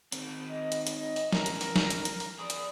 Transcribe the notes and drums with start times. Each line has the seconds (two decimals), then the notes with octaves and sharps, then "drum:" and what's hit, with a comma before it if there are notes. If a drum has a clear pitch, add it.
0.12 D#3 C4, drum: hi-hat
0.48 D#5
0.72 drum: hi-hat
0.87 drum: hi-hat
0.98 D#5
1.16 drum: open hi-hat
1.33 E3 C#4 A#4, drum: snare
1.46 drum: hi-hat
1.61 drum: open hi-hat
1.76 drum: snare
1.90 drum: hi-hat
2.05 drum: hi-hat
2.20 drum: open hi-hat
2.39 G#4 D5 D#6
2.50 drum: hi-hat